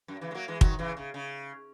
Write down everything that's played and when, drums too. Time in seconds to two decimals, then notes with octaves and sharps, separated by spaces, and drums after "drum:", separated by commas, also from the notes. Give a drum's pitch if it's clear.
0.08 F#2
0.21 C#3 E3
0.31 G#3
0.35 F#3 A#3
0.48 E3 G#3
0.61 D#3 F#3, drum: kick
0.79 C#3 E3
0.97 C#3
1.14 C#3